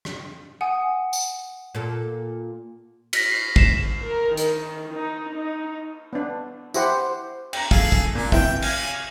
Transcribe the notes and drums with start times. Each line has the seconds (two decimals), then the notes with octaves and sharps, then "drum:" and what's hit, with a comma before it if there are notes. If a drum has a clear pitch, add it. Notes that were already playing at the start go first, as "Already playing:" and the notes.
0.05 drum: rim click
0.61 F#5 G#5 D#6
1.13 drum: tambourine
1.75 A#2 A4
3.13 A#6 B6, drum: cymbal
3.32 C7
3.56 C7 E7, drum: kick
4.03 A#4
4.37 D#3, drum: hi-hat
4.93 D#4
5.35 D#4
6.13 B3 D4
6.74 E4 G4 C5 F#5, drum: tambourine
7.53 G5 A#5, drum: cymbal
7.71 G#4 A4 F5, drum: kick
7.92 drum: kick
8.15 A#2 D4
8.32 C3 E3 E5 G5, drum: kick
8.62 F5 G#5, drum: cymbal